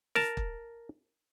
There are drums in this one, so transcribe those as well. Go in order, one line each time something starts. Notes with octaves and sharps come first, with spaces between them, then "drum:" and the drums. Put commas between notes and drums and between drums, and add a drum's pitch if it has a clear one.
A#4 A5, drum: snare
drum: kick